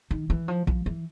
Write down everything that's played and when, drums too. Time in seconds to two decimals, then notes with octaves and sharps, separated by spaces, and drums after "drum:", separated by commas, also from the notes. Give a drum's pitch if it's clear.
0.11 D#3
0.30 E3
0.48 F3
0.67 F3, drum: kick
0.86 E3